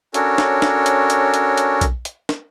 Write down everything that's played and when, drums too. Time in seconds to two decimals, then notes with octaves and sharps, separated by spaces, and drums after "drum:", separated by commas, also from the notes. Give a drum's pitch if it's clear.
0.14 C#4 D4 F#4 A4 A#4 C#5, drum: hi-hat
0.38 drum: snare
0.62 drum: snare
0.86 drum: hi-hat
1.10 drum: hi-hat
1.34 drum: hi-hat
1.57 drum: hi-hat
1.81 drum: kick, hi-hat
2.05 drum: hi-hat
2.29 drum: snare